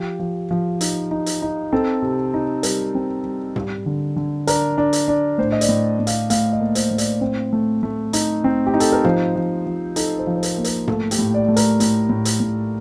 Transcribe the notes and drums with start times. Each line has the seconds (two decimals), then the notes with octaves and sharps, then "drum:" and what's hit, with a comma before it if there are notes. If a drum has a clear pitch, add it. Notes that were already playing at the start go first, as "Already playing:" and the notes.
Already playing: F3 G4
0.19 F3
0.51 F3
0.81 D#4, drum: hi-hat
1.11 D#4
1.26 drum: hi-hat
1.42 D#4
1.73 C4 A4
2.02 C3
2.34 D#4
2.63 G3 A#4, drum: hi-hat
2.95 C4
3.25 G3
3.56 G3, drum: tom G#2
3.86 D3
4.16 D3
4.47 D4 A#4, drum: hi-hat
4.78 D4
4.93 drum: hi-hat
5.08 D4
5.38 A2 C5
5.52 D#5
5.61 D5, drum: hi-hat
5.69 A2
6.00 A2
6.07 F5, drum: hi-hat
6.30 A2 F5, drum: hi-hat
6.53 D#5
6.60 A#3
6.75 C5, drum: hi-hat
6.91 A2
6.98 D5, drum: hi-hat
7.21 C4 C5
7.53 A3
7.83 A3
8.13 D#4, drum: hi-hat
8.44 C4
8.67 G4
8.74 D#4
8.80 A4, drum: hi-hat
8.92 A#4
9.04 F3 C5, drum: tom G#2
9.36 F3
9.66 F3
9.96 D#4 A4, drum: hi-hat
10.19 C5
10.27 F3
10.36 C5
10.43 A#4, drum: hi-hat
10.58 A#3
10.64 A#4, drum: hi-hat
10.87 A3 A4, drum: tom G#2
11.11 G4, drum: hi-hat
11.19 A2
11.34 D5
11.48 A3
11.56 A#4, drum: hi-hat
11.80 A2, drum: hi-hat
12.09 A2
12.25 drum: hi-hat
12.40 A2